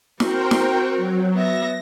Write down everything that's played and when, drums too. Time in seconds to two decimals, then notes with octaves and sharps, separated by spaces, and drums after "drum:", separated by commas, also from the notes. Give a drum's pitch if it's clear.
0.20 C4 F#4 A#4 C5 G5, drum: snare
0.51 drum: snare
0.96 F#3
1.34 B3 E5 A#6